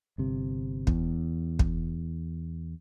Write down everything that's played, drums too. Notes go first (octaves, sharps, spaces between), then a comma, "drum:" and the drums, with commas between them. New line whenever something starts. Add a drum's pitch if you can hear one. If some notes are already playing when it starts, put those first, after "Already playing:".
G1 C3
E2, drum: kick
drum: kick